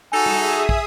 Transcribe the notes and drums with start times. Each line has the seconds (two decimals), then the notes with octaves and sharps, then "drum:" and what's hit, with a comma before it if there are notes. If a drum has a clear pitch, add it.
0.12 D#4 F#4 G#4 A4 E5 G#5 D#6
0.26 drum: tom
0.69 drum: kick